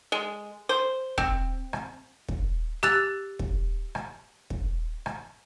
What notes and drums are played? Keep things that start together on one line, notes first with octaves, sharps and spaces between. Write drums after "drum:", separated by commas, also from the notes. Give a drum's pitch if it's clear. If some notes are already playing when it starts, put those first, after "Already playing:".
G#3
C5
C4, drum: kick
drum: rim click
drum: kick
G4 E6 F#6 A6 F7, drum: rim click
drum: kick
drum: rim click
drum: kick
drum: rim click